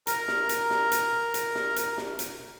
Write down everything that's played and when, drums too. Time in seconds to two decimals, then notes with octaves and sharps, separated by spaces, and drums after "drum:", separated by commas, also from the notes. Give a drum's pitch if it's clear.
0.07 A#4 A#5, drum: hi-hat
0.28 drum: snare
0.49 drum: hi-hat
0.70 drum: snare
0.92 drum: hi-hat
1.34 drum: hi-hat
1.55 drum: snare
1.76 drum: hi-hat
1.98 drum: snare
2.19 drum: hi-hat